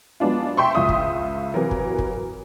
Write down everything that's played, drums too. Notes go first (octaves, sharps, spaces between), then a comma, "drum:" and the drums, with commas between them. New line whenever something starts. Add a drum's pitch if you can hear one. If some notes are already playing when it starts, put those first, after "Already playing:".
F#3 G#3 B3 D4 F4
E5 G5 C6 C#6
C#2 F4 E5 D#6
drum: kick
C3 E3 F#3 F#4 A#4
drum: kick
drum: kick